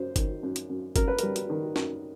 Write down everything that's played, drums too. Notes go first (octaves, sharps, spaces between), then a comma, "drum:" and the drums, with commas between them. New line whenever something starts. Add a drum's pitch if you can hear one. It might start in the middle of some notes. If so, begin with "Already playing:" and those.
Already playing: F#2 C5
D#3, drum: kick G1, hi-hat
F#2
drum: hi-hat
F#2
F#2 A#4, drum: kick G1, hi-hat
B4
G3 A#4, drum: hi-hat
drum: hi-hat
D#3
F#2, drum: snare